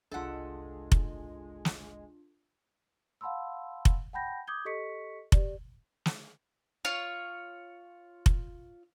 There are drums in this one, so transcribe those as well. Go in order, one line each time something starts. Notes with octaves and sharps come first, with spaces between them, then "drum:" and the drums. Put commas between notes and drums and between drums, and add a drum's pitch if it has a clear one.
F#1 C2 G#3 D4 F4 A4 F#5
drum: kick F1
drum: snare
F5 F#5 A5 B5 C6 E6
drum: kick F1
F#5 G5 A5 B5 G6 A#6
D6 D#6 G6 G#6 G7
G4 A4 D#5 C#6 B6 C#7
G4 D5, drum: kick F1
drum: snare
F4 C#5
drum: kick F1